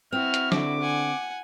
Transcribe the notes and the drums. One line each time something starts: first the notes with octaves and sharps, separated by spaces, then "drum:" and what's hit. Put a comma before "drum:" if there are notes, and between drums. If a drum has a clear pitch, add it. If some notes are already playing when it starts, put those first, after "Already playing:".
C4 E4 F#4 F6
drum: hi-hat
D3 D6, drum: snare
F#5 G#5